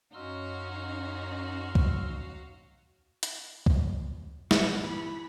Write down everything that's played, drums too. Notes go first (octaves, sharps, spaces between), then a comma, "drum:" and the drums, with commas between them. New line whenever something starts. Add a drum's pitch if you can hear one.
F#2 C#4 D#4 F#4 F5 C6 E6 F6
drum: kick
drum: hi-hat
drum: kick
C2 G2 A#2 E3 F#5, drum: snare
E3 B5